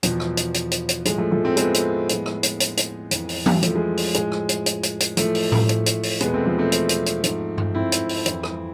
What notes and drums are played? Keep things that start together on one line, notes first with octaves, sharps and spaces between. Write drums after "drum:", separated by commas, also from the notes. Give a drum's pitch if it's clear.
E2 B2 F3, drum: hi-hat
drum: rim click
drum: hi-hat
drum: hi-hat
drum: hi-hat
drum: hi-hat
A2 F3 G#3, drum: hi-hat
F3 A3
F3 A3
A3 C4
G#3 B3, drum: hi-hat
drum: hi-hat
A2 F3, drum: hi-hat
drum: rim click
drum: hi-hat
drum: hi-hat
drum: hi-hat
F2 E3, drum: hi-hat
drum: open hi-hat
drum: tom E3
F3 A3, drum: hi-hat
G#3
drum: open hi-hat
A2 F3 G#3, drum: hi-hat
drum: rim click
drum: hi-hat
drum: hi-hat
drum: hi-hat
drum: hi-hat
A2 E3 F3 A3, drum: hi-hat
drum: open hi-hat
drum: tom A2
drum: hi-hat
drum: hi-hat
drum: open hi-hat
E2 B2 G#3 B3, drum: hi-hat
A3 C4
F3 A3
A3 C4
drum: hi-hat
drum: hi-hat
drum: hi-hat
G#2 F3, drum: hi-hat
drum: tom G2
C4 E4
drum: hi-hat
drum: open hi-hat
F2, drum: hi-hat
E3
drum: rim click